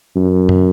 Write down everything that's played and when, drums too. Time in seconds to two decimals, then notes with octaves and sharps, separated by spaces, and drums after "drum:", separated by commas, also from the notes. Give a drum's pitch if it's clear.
0.16 F#2
0.49 drum: tom F#2